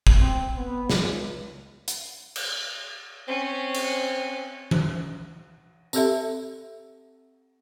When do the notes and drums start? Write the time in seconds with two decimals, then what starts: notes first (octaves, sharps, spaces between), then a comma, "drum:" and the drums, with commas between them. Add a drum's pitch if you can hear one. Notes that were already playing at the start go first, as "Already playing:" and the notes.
0.07 drum: kick
0.19 C4
0.57 B3
0.90 C#2, drum: snare
1.88 drum: hi-hat
2.36 drum: cymbal
3.28 C4 C#4
3.74 drum: cymbal
4.71 drum: tom E3
5.93 C4 G4 A4 E5, drum: tambourine